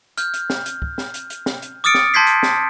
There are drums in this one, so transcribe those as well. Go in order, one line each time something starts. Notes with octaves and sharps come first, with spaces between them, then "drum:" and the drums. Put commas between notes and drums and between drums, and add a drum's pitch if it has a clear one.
F6 G6, drum: hi-hat
drum: hi-hat
drum: snare
drum: hi-hat
drum: kick
drum: snare
drum: hi-hat
drum: hi-hat
drum: snare
drum: hi-hat
D6 D#6 F6 A6 C#7 D7
drum: snare
A5 C6 G6 G#6 B6 C7
drum: hi-hat
drum: snare